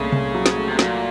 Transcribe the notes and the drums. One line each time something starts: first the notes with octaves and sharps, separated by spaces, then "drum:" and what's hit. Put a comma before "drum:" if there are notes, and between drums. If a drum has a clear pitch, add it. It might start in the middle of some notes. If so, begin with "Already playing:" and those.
Already playing: C2 A#2 C#3 A3
C2, drum: tom C3
F#3
drum: snare
A3
C3
A#2 F#3, drum: snare